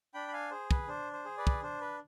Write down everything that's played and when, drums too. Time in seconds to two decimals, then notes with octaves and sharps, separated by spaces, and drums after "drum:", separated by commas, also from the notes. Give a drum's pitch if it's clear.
0.14 D4 G5 B5
0.28 B5
0.33 F5 G#5
0.51 G#4 C5
0.71 B4, drum: kick
0.88 D4 C5
1.13 C5
1.25 G#4
1.38 B4 D5
1.47 drum: kick
1.62 D4 C5
1.81 B4